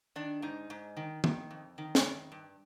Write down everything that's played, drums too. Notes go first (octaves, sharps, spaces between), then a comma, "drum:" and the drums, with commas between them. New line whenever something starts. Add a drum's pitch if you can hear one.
D#3 D4
G#2 D#4
G#2
D#3
D#3, drum: tom
F2
D#3
drum: snare
D#3
G2